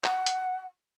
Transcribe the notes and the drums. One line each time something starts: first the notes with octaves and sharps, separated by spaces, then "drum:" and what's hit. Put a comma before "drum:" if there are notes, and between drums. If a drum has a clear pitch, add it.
F#5, drum: clap
drum: hi-hat